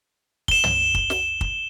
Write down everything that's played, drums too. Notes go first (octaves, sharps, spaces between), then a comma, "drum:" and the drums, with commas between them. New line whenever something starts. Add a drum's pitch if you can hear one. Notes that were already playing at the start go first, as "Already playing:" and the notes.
E7 G7, drum: kick
drum: tom
drum: kick
drum: snare
drum: kick